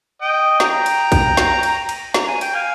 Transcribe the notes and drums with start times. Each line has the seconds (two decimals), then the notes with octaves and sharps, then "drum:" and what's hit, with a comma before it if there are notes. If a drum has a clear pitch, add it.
0.21 D#5 G5
0.60 G5 A#5, drum: snare
0.86 drum: cymbal
1.12 drum: kick, cymbal
1.37 drum: snare
1.63 drum: cymbal
1.89 drum: cymbal
2.14 A#5, drum: snare
2.28 G#5
2.41 G5, drum: cymbal
2.55 F5 G#5